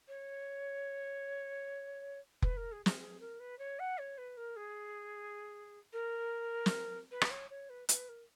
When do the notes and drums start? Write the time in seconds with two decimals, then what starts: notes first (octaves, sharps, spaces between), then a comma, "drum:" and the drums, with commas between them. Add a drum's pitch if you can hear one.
0.08 C#5
2.42 B4, drum: kick F1
2.57 A#4
2.72 G#4
2.86 G#4, drum: snare
3.00 G#4
3.21 A#4
3.40 B4
3.59 C#5
3.79 F#5
3.98 C#5
4.18 B4
4.37 A#4
4.56 G#4
5.93 A#4
6.66 drum: snare
7.11 B4
7.21 drum: rim click
7.31 C#5
7.50 C#5
7.70 B4
7.89 B4, drum: hi-hat
8.09 A#4